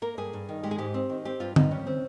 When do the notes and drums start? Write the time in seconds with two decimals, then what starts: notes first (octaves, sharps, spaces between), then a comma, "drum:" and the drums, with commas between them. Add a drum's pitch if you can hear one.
0.02 A#3 A#4
0.18 G2 G#4
0.33 G2
0.49 D#3
0.63 G#3 G4
0.71 G#4
0.78 G#2 G4
0.94 C4
1.10 D#3
1.25 C4 G4
1.40 G2 F4
1.56 G2 D#4, drum: tom
1.71 G3 C#4
1.87 C4